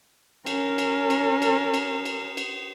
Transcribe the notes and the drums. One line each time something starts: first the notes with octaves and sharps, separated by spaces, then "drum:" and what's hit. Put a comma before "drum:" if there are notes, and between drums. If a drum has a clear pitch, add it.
C#4 A#4, drum: cymbal
drum: cymbal
drum: cymbal
drum: cymbal
drum: cymbal
drum: cymbal
drum: cymbal